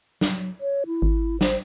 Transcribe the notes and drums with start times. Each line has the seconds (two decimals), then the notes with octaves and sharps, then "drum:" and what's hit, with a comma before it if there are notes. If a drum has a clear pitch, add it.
0.21 F#3, drum: snare
0.61 C#5
0.87 E4
1.02 G#1
1.41 C5, drum: snare